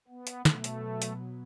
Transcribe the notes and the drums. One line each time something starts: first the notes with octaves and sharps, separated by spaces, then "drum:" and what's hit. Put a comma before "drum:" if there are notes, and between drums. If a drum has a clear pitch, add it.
B3
drum: hi-hat
B2 F#3 A3 B3, drum: snare
drum: hi-hat
drum: hi-hat